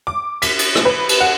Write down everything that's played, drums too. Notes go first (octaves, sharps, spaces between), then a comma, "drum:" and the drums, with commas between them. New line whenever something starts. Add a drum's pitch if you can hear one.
D6
B6, drum: cymbal
drum: cymbal
drum: rim click
B4
drum: cymbal
F#5